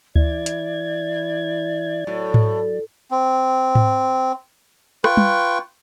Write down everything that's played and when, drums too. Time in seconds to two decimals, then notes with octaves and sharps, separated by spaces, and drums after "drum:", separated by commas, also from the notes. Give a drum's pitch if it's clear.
0.15 E3 E4 D5 G#6, drum: kick D2
0.46 drum: hi-hat
2.07 A2 F#3
2.34 drum: tom G#2
3.11 C4
3.75 drum: tom G#2
5.04 F4 B4 G5 C#6, drum: rim click
5.17 drum: tom